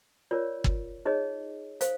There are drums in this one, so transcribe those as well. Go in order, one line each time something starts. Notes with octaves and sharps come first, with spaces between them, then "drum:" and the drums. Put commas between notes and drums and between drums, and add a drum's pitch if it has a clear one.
F4 A#4 C#5 D5
drum: kick
D#4 G#4 C#5 D#5
C5 F5, drum: hi-hat